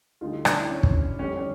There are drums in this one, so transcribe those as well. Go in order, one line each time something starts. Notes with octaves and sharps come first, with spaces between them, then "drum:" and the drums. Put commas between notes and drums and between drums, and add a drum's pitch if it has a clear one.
D2 D3 G3 D#4 F4
D4 E4, drum: rim click
C#4
drum: kick
F2 D3 G3 C#4
C#4